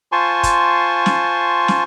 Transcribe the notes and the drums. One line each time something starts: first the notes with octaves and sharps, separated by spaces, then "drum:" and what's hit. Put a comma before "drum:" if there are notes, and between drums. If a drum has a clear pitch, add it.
F4 C5 G#5 A5 C6 C#6
drum: kick, hi-hat
drum: snare
drum: snare